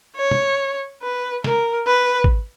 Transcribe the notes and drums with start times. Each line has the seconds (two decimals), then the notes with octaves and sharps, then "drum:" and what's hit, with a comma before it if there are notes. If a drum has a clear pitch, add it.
0.16 C#5
0.31 drum: tom
1.02 B4
1.44 A#4, drum: snare
1.87 B4
2.24 drum: kick G#1